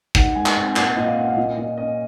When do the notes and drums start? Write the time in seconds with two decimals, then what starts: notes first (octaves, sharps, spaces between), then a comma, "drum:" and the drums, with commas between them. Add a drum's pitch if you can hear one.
0.15 D#4 F#5, drum: kick
0.35 G#3 G#5
0.46 drum: clap
0.55 C4 G#5
0.76 A#2 F#5, drum: clap
0.96 A#2 D#5
1.06 F5
1.17 C#4 F#5
1.28 F5
1.37 A#2 D#5
1.57 A#2 D#5
1.78 C#4 D#5